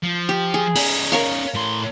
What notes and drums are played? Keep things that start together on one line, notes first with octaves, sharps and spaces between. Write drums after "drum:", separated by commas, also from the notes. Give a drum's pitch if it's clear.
F3
G4
G#4
C#4 D#4 B5, drum: open hi-hat
A#4 C#5 F5
A2 C6